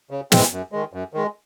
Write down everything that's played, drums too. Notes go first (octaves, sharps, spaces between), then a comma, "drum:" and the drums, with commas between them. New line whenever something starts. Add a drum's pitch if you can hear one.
C#3
E3 G#3 C4, drum: snare
F#2
D#3 G#3
F#2
D#3 G#3